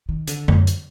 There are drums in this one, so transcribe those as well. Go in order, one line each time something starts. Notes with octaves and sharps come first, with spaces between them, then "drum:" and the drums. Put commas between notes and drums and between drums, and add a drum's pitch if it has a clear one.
D#3
D3, drum: hi-hat
F#2, drum: tom D3
drum: hi-hat